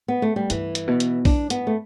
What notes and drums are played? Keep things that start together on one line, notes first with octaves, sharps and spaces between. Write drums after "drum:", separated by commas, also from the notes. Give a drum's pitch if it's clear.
B3
A3
G3
G2 E3, drum: hi-hat
drum: hi-hat
B2
drum: hi-hat
G2 D4, drum: kick A#1, open hi-hat
B3, drum: hi-hat
A3